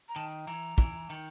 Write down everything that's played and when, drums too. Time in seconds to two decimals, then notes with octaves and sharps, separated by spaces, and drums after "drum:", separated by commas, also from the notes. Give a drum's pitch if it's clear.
0.09 A#5
0.16 D#3 A5
0.47 E3 A#5
0.78 E3, drum: kick
1.10 D#3